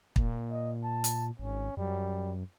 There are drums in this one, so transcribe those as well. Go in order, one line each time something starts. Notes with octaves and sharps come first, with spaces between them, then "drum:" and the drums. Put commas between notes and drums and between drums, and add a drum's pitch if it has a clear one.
A#2, drum: kick
D#5
A5
drum: hi-hat
G#1 C#4
F#2 G3